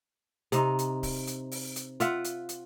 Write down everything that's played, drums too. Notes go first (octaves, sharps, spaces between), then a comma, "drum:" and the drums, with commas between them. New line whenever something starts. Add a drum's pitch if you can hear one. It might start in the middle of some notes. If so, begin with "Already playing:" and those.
C3 D#4, drum: hi-hat
drum: hi-hat
drum: kick C#1, open hi-hat
drum: hi-hat
drum: open hi-hat
drum: hi-hat
F4 E5 F#5, drum: hi-hat
drum: hi-hat
drum: hi-hat